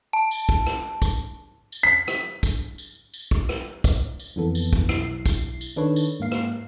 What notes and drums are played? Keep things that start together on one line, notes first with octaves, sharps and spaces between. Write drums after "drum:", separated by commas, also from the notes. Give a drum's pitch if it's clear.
A5
drum: tambourine
drum: kick
drum: rim click
drum: kick, tambourine
drum: tambourine
B6
drum: rim click
drum: kick, tambourine
drum: tambourine
drum: tambourine
drum: kick
drum: rim click
drum: kick, tambourine
drum: tambourine
F2 E3 B3 A4
drum: tambourine
drum: kick
B1 E4 C7, drum: rim click
drum: kick, tambourine
drum: tambourine
D#3 D4 A4 B4 C#5
drum: tambourine
G#2 A#3 F5 C7
drum: rim click